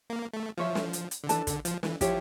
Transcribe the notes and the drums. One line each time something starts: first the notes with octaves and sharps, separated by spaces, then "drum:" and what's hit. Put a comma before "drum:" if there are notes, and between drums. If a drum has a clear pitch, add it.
A#3
A3
F3 F4 C#5 E5
drum: snare
drum: hi-hat
drum: hi-hat
D3
E3 D4 A4 D5 A5, drum: hi-hat
D3, drum: kick, hi-hat
F3, drum: hi-hat
E3, drum: snare
F3 E4 G4 C#5, drum: kick, hi-hat